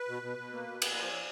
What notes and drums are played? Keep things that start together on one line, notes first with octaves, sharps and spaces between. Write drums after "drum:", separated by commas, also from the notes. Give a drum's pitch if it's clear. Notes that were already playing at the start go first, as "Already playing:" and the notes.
Already playing: B4
B2
B2
B2
A#3
B2
A#3, drum: cymbal
F3 C5
F3 C#5